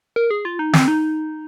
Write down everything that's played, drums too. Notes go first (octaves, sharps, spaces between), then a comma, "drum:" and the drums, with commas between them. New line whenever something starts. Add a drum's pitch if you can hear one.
A#4
G#4
F4
D#4
C4, drum: snare
D#4